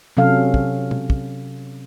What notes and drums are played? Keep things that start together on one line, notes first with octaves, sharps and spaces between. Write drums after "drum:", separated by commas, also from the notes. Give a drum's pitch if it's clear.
C3 F#3 C#4 A4 F5
drum: kick
drum: tom
drum: kick